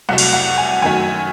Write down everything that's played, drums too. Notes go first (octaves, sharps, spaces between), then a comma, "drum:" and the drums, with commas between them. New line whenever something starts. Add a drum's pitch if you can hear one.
C2 C3 F#3 A3 F#5
drum: cymbal
F#5
G#5
F#2 D#3 F#3 A3 G#5